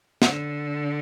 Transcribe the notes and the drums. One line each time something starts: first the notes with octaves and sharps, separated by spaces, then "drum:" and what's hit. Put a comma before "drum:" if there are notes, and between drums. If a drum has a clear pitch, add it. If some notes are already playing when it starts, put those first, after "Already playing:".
D3, drum: snare